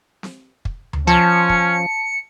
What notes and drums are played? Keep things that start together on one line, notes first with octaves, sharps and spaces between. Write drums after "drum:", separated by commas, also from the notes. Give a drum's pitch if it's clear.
drum: snare C4
drum: kick
drum: tom D2
F3 C#4 A5 C#7
drum: kick